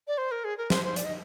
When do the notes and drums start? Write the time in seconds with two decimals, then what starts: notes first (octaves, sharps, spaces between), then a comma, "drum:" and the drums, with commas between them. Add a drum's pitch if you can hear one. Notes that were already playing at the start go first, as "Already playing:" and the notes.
0.08 D5
0.18 C5
0.31 A#4
0.44 G#4
0.58 A#4
0.70 C5, drum: snare
0.84 C5
0.96 D5, drum: hi-hat
1.04 D#5